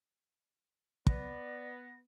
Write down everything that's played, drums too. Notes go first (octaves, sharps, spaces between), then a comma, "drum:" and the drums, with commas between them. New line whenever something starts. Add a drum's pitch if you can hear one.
B3 D5 A#6, drum: kick